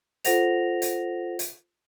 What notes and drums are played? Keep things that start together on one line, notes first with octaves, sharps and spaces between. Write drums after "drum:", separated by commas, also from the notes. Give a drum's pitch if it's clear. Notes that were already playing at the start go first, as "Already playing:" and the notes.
F4 A4 C5 F#5 A#6 F7, drum: hi-hat
drum: hi-hat
drum: hi-hat